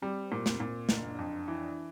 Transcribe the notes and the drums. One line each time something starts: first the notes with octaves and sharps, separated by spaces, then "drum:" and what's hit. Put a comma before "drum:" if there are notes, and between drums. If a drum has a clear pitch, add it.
G3 C4
A#2
drum: snare
A#2
F#1 D4, drum: snare
F2
E3